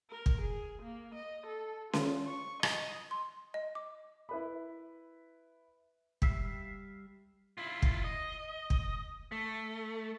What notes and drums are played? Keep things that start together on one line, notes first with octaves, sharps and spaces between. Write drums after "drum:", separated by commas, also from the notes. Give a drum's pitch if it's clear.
A#4
drum: kick
G#4
A#3
D#5
A4
F4, drum: snare C#4
C#6
D#5, drum: rim click
C6
D#5
D6
E4 B4 B5
G3 E5 F5, drum: kick
E4 F4
drum: kick
D#5
drum: kick
A3